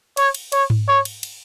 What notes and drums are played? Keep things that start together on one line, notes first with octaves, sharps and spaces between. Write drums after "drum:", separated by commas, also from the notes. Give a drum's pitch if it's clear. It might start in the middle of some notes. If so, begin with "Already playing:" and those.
C#5, drum: cymbal
drum: cymbal
C#5, drum: cymbal
drum: tom G#2
C#5
drum: cymbal
drum: cymbal